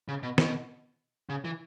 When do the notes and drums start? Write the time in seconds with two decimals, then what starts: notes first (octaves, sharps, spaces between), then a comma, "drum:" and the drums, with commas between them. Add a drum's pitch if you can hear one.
0.08 C#3
0.23 B2
0.38 B2, drum: snare
1.29 C#3
1.45 E3